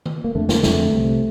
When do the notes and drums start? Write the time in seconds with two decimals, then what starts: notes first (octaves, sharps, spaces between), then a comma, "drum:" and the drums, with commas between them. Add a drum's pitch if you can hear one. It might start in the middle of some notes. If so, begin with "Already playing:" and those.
0.06 drum: tom D#3
0.24 A#3
0.35 F2 D3 A3
0.49 A#3, drum: snare
0.63 F2 D3 A3, drum: snare
0.92 C2 C3